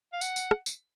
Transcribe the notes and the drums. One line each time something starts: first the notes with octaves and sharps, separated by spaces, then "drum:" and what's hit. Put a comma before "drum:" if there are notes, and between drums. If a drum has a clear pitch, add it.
F5
F#5, drum: tambourine
drum: tambourine
drum: rim click
drum: tambourine